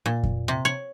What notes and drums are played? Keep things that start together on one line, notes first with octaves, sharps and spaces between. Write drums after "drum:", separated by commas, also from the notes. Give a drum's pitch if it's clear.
A#2
drum: kick F2
C3
C#5